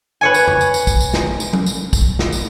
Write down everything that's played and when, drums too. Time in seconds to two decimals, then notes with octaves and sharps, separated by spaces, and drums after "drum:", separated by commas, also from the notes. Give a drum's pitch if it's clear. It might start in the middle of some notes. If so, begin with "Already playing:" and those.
0.21 B4 C#5 G#5
0.34 drum: tambourine
0.48 drum: tom F2
0.61 drum: tambourine
0.74 drum: tambourine
0.87 drum: kick, tambourine
1.00 drum: tambourine
1.14 drum: snare
1.40 drum: tambourine
1.53 drum: tom F#3
1.66 drum: tambourine
1.93 drum: kick, tambourine
2.19 drum: snare
2.32 drum: tambourine